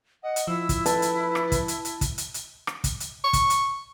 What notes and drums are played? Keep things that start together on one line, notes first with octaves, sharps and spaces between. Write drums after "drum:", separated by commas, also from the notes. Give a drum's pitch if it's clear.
D#5 F#5
drum: hi-hat
F3 E4 E6
drum: kick, hi-hat
B4 A5, drum: hi-hat
drum: hi-hat
drum: rim click
drum: kick, hi-hat
drum: hi-hat
drum: hi-hat
drum: kick, hi-hat
drum: hi-hat
drum: hi-hat
drum: rim click
drum: kick, hi-hat
drum: hi-hat
C#6
drum: kick, hi-hat
drum: hi-hat